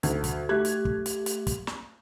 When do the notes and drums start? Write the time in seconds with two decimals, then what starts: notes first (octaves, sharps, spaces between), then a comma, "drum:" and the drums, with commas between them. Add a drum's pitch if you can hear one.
0.03 D2 G#6, drum: hi-hat
0.24 drum: kick, hi-hat
0.49 A3 G4 F#6 G#6
0.65 drum: hi-hat
0.85 drum: kick
1.06 drum: hi-hat
1.26 drum: hi-hat
1.47 drum: kick, hi-hat
1.67 drum: snare